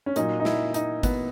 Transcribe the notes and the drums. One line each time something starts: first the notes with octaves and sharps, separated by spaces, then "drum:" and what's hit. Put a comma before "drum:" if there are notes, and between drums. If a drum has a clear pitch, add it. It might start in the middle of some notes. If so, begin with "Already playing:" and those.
C#4
A#2 F#3 D#4, drum: hi-hat
D#4
E4, drum: snare
D#4, drum: hi-hat
B3, drum: kick, hi-hat